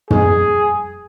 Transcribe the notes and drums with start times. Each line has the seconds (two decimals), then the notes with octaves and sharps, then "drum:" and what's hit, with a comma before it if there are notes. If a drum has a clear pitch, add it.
0.10 G#4, drum: tom